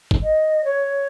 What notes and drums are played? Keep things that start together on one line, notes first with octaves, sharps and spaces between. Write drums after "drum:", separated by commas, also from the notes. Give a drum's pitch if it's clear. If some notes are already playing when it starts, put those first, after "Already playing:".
drum: kick
D#5
C#5